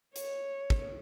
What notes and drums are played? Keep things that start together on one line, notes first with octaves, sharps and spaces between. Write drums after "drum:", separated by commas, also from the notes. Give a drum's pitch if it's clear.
C#5, drum: hi-hat
drum: kick